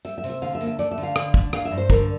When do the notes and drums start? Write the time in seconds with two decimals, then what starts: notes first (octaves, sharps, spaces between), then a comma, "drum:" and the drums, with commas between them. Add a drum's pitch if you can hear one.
0.05 G3 E5, drum: tambourine
0.18 E5
0.24 C3, drum: tambourine
0.30 E5
0.42 D3 F5, drum: tambourine
0.55 E5
0.61 A#3, drum: tambourine
0.67 E5
0.79 A3 D5, drum: tambourine
0.91 E5
0.98 D3, drum: tambourine
1.03 F5
1.16 D3, drum: rim click
1.34 D4, drum: kick, tambourine
1.53 E3 F5, drum: rim click
1.65 E5
1.71 G2
1.77 C5
1.90 D3 A#4, drum: kick, tambourine